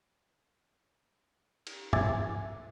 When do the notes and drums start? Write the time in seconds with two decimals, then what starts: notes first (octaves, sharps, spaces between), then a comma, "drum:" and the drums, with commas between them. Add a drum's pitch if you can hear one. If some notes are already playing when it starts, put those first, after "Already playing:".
1.67 drum: cymbal
1.93 E5 G#5 D6 E6 G#6 A6, drum: tom